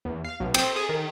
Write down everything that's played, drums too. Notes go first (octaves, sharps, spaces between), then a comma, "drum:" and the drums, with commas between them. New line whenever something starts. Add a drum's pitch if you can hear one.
E2
F5
B1
C4, drum: cymbal
G#4
D#3